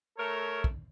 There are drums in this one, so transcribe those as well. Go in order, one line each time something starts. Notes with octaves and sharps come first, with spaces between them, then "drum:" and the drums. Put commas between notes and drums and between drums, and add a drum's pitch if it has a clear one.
A3 A#4 C#5
drum: kick